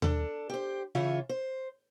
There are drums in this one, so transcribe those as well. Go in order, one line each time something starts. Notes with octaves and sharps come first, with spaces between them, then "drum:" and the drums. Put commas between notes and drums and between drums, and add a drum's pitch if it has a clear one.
D4 A4, drum: tom D#2
G4 C5
C#3 E3 F4 C#5 E5
C5